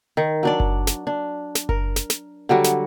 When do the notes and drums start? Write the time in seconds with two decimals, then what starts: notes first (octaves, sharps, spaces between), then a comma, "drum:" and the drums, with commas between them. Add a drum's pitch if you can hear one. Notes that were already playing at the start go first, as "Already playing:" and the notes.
0.17 D#3
0.43 F#3 D4 D5
0.60 drum: kick F#1
0.87 drum: snare
1.07 D4
1.55 drum: snare
1.69 A#4, drum: kick F#1
1.96 drum: snare
2.10 drum: snare
2.49 D3 F#3 G3 F#4
2.64 drum: snare